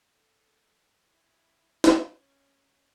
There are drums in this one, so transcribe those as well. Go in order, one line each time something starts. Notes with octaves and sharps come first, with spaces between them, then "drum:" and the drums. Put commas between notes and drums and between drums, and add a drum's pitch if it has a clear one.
A4
E4
drum: snare
C#4